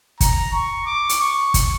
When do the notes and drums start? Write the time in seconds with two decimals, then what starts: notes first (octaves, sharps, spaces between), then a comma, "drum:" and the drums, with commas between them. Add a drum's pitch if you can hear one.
0.21 A#5, drum: kick, hi-hat
0.53 C#6
0.87 D6
1.09 drum: hi-hat
1.21 C#6
1.54 drum: kick, hi-hat